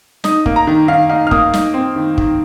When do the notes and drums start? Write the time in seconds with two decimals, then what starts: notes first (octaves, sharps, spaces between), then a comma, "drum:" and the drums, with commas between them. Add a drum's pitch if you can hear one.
0.24 D#4 D#6, drum: snare
0.46 A#3, drum: kick
0.56 A#5
0.67 D#3
0.88 D#3 F5
1.10 D#4 F5
1.27 F6
1.31 A#3 D#6, drum: kick
1.53 D#4, drum: snare
1.74 C4
1.96 D#3
2.18 D#3, drum: kick